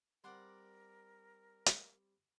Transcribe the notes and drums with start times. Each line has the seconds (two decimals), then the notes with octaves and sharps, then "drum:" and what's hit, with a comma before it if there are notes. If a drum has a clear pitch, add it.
0.24 G3 C4 A#4 D5 F#5 C6
1.66 drum: hi-hat